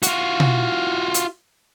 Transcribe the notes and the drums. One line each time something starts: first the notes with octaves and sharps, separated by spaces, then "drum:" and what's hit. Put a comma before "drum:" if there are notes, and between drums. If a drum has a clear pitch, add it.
F4 F#4, drum: hi-hat
drum: tom B2
drum: hi-hat